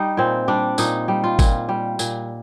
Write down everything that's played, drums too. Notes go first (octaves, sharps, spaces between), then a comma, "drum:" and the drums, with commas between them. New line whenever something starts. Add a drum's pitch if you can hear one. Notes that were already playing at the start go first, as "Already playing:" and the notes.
Already playing: G3 D#4
A#2 C4
G3 D4
A#2 D#4, drum: tambourine
G3
F4
A#2, drum: kick, tambourine
G3
A#2, drum: tambourine